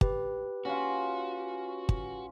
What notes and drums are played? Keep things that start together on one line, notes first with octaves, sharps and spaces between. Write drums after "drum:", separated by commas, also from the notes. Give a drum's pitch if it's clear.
G4 B4, drum: kick
C#4 F4 F#4
drum: kick